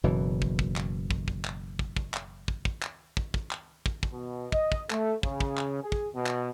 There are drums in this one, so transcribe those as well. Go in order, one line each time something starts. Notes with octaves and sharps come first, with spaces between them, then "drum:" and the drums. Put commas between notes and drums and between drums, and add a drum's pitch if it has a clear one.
F#1 B2 E3
drum: kick
drum: kick
drum: clap
drum: kick
drum: kick
drum: clap
drum: kick
drum: kick
drum: clap
drum: kick
drum: kick
drum: clap
drum: kick
drum: kick
drum: clap
drum: kick
drum: kick
B2
D#5, drum: kick
drum: kick
A3, drum: clap
C#3, drum: kick
drum: kick
drum: clap
G#4
drum: kick
B2
drum: clap